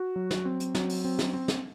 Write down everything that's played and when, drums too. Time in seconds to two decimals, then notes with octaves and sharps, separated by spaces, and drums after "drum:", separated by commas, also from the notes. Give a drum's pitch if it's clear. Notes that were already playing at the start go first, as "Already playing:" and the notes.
Already playing: F#4
0.16 F#3
0.31 drum: snare
0.45 C4
0.60 drum: hi-hat
0.75 F#3, drum: snare
0.89 drum: open hi-hat
1.04 C4
1.19 drum: snare
1.33 C4
1.48 drum: snare